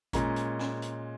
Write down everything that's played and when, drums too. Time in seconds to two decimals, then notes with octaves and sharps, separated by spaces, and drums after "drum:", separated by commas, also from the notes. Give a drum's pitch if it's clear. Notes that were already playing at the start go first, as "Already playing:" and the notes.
0.13 A#2 G#3 C#4 A#5, drum: kick G#1, hi-hat
0.36 drum: hi-hat
0.59 drum: snare
0.82 drum: hi-hat